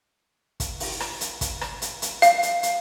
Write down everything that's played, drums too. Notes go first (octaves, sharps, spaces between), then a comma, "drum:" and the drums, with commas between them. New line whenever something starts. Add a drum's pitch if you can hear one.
drum: kick, hi-hat
drum: open hi-hat
drum: rim click
drum: hi-hat
drum: kick, hi-hat
drum: rim click
drum: hi-hat
drum: hi-hat
F5, drum: hi-hat
drum: hi-hat
drum: hi-hat